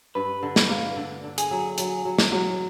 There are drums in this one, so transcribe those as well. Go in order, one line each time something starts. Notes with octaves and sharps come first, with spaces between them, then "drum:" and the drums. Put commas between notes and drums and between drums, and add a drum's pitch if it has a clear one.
G2 B4
D3
drum: snare
A#3
D3
D3
G#4, drum: hi-hat
F#3
F#3, drum: hi-hat
F#3
drum: snare
F#3